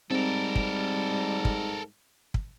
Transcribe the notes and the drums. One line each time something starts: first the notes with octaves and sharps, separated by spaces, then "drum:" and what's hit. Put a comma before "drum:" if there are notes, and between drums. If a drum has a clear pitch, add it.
G#2 G3 C4 A4 A#4
drum: kick
drum: kick
drum: kick